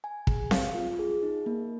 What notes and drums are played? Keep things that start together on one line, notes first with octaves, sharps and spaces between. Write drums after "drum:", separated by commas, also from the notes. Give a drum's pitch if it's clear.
G#5
G#4, drum: kick
F5, drum: snare C4
F4
G#4
D#4
A#3